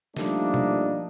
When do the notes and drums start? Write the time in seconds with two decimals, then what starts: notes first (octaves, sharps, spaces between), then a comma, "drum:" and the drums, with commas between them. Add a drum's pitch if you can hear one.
0.17 F3 G3 A3 A#3 D4 D#4, drum: snare
0.54 drum: tom B2